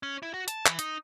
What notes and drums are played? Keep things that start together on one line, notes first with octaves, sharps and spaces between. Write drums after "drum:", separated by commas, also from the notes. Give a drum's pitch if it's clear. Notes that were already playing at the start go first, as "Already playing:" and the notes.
C#4
E4
F#4
A5, drum: hi-hat
E3, drum: clap
D#4, drum: hi-hat